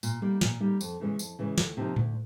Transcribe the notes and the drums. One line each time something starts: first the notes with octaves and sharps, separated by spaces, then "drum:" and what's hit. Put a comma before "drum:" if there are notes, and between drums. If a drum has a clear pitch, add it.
A#2, drum: tambourine
G3 A#3 D#4
A#2, drum: snare
G3 A#3 D#4
F2, drum: tambourine
C#3 E3 G#3 C#4
F2, drum: tambourine
C#3 E3 G#3 C#4
D2, drum: snare
C3 F3 A#3 D#4
D2, drum: tom A2